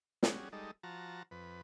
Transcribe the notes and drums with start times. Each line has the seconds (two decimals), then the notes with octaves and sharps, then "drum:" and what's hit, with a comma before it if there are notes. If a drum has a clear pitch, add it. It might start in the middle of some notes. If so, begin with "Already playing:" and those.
0.23 G3 C#4 F#4 G#4, drum: snare
0.52 G3 G#3 D#4 A4
0.83 F3 F#4 A5 A#5
1.31 F2 B4